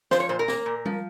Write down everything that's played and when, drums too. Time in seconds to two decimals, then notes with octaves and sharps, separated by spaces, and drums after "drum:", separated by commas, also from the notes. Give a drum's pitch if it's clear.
0.11 F3 C5, drum: snare
0.20 C#5
0.29 A#2 C5
0.39 A#4
0.48 A#3, drum: snare
0.66 A#2
0.85 F3, drum: tom G3